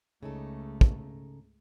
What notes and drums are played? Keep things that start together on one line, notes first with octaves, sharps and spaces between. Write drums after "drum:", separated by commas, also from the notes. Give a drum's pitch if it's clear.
C#2 C#3 A3 D#4 A4
drum: kick